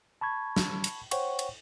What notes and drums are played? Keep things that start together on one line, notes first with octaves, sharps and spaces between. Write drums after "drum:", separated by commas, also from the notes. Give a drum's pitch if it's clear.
A5 B5 C#6 G#6
drum: snare
drum: cymbal
C5 C#5 F#5 G5 C#6, drum: cymbal
drum: cymbal